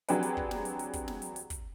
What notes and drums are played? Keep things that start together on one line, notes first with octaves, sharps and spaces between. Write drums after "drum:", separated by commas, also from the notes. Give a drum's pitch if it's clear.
F#3 C4 D4 G4 G#4 B4, drum: hi-hat
drum: hi-hat
drum: kick
drum: snare
drum: hi-hat
drum: hi-hat
drum: kick, hi-hat
drum: snare
drum: hi-hat
drum: hi-hat
drum: kick, hi-hat